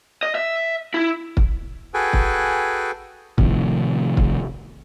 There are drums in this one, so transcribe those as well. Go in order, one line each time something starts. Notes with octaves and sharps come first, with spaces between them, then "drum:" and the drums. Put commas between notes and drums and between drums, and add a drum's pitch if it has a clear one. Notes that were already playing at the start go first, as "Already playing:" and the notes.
D#5
E5
E4
drum: kick
F#4 G#4 A4 B4 G5 G#5
drum: kick
A2 C3 D#3 F3, drum: kick
drum: kick